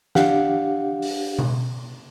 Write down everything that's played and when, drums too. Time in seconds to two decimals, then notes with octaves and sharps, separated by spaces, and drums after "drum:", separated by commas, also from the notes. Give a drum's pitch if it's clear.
0.15 D4 G4 F5 F#5, drum: snare
1.02 drum: open hi-hat
1.39 drum: tom B2